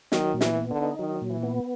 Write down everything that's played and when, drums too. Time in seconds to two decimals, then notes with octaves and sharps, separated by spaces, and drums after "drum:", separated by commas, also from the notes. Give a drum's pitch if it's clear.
0.12 D#3 F#3, drum: snare
0.34 A#2
0.41 E3, drum: snare
0.56 B3
0.70 D3
0.78 D#4
0.99 D#3 F#3
1.21 A#2
1.29 E3
1.43 B3